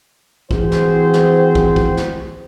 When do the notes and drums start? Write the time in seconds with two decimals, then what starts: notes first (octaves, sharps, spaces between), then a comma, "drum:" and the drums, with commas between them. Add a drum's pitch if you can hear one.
0.51 E3 C4 F#4 G#4 C5, drum: kick
0.72 drum: snare
1.13 drum: snare
1.55 drum: kick
1.76 drum: kick
1.97 drum: snare